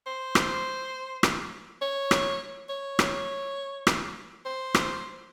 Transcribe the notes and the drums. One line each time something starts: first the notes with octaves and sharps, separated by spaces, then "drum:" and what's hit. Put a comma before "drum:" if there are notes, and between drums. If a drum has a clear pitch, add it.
C5
drum: rim click
drum: rim click
C#5
drum: rim click
C#5
drum: rim click
drum: rim click
C5
drum: rim click